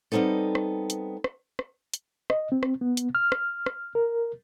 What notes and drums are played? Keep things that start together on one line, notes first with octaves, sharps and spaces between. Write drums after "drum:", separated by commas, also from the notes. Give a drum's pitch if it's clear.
G3 B3 C4 D#4 A4
drum: rim click
drum: hi-hat
drum: rim click
drum: rim click
drum: hi-hat
D#5, drum: rim click
C4
drum: rim click
B3
drum: hi-hat
F6
drum: rim click
drum: rim click
A#4